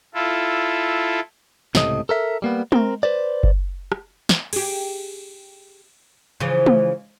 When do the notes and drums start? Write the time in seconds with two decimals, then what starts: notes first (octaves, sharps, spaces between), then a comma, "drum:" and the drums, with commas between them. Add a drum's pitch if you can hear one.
0.14 E4 F4 A4
1.75 C#2 A2 C3 A3 D#5, drum: snare
2.09 A4 A#4 E5
2.42 G3 A#3 B3
2.72 C4 A#4, drum: tom
3.03 B4 C5 D5
3.43 drum: kick F#1
3.92 drum: rim click
4.29 drum: snare
4.53 G4 G#4, drum: cymbal
6.40 C#3 E3 F3
6.66 drum: tom